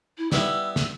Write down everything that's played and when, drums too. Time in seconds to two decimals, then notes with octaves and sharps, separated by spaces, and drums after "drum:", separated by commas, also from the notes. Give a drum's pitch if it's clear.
0.18 E4
0.32 G3 B3 E4 E6, drum: snare
0.76 drum: snare